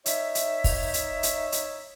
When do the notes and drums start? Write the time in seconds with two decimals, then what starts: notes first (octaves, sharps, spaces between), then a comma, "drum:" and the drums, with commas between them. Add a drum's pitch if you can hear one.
0.06 D#4 C#5 E5, drum: hi-hat
0.35 drum: hi-hat
0.64 drum: kick, open hi-hat
0.94 drum: hi-hat
1.23 drum: hi-hat
1.52 drum: hi-hat